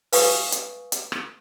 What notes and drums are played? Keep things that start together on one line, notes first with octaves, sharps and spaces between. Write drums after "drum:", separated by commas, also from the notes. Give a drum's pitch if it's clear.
B4 F5 G#5 C#6 D#6, drum: open hi-hat
drum: hi-hat
drum: hi-hat
drum: rim click